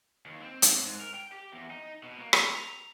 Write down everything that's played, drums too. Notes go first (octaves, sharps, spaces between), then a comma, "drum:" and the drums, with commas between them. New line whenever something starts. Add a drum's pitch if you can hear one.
D#2
C4
drum: hi-hat
G#2
A#4
G5
G4
E2
D#4
B2
A#3
F2, drum: rim click
A#5